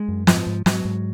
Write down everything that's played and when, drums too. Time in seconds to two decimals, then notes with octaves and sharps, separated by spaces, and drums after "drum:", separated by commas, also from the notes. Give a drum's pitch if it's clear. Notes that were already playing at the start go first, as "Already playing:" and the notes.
Already playing: G#3
0.08 F#2
0.27 G#2 F3, drum: snare
0.47 G#2
0.66 G#2 F#3, drum: snare
0.85 G#2